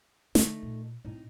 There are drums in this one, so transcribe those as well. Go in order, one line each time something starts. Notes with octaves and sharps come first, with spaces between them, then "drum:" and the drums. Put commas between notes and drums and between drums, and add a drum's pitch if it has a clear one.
D3 A3 D#4, drum: snare
A#2
A2 C4 D#4